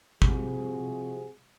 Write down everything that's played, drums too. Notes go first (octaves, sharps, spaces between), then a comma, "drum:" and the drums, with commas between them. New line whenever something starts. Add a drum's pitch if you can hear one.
C3 F3 F#4 G#4, drum: kick